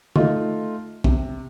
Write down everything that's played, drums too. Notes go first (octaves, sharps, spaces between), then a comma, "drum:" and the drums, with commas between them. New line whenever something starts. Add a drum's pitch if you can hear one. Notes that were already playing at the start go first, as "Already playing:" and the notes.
A3 D#4 F4, drum: tom D3
C3, drum: kick